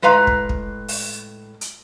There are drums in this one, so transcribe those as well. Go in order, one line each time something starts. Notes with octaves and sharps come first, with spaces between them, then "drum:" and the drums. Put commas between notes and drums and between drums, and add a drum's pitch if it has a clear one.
A2 G#3 B4 F5 A#5
drum: kick
drum: kick
drum: open hi-hat
drum: hi-hat